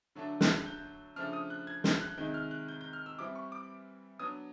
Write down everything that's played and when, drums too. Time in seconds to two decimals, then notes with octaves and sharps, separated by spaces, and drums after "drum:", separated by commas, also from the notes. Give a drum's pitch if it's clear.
0.15 D3 F#3 A3 D4
0.41 F#6, drum: snare
0.66 G6
1.16 C#3 F3 A3 D4 F6
1.33 D#6
1.50 F#6
1.67 G#6
1.84 G6, drum: snare
2.01 F#6
2.17 C3 D#3 G#3 G6
2.34 F6
2.51 F#6
2.68 G6
2.81 G6
2.93 F6
3.06 E6
3.18 E3 G3 C4 E4 D6
3.35 C#6
3.52 D6
4.19 F#3 B3 D4 D#6